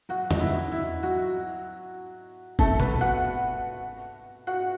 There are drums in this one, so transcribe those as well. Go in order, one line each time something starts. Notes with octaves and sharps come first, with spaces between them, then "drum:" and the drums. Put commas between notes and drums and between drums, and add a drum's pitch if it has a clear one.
F#3 F#4
D#4, drum: tom E2
E4
E4
F#3 F#4
A3 A4, drum: kick
B3 B4, drum: tom B2
F#4 F#5
F#4 F#5